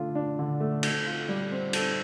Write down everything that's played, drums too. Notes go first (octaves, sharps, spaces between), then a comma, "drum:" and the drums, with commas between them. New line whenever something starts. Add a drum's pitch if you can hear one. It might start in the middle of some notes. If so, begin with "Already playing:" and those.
Already playing: D3 A3 D4 F4
D4
D3
A3
A4, drum: cymbal
F4
G3
C4
A4, drum: cymbal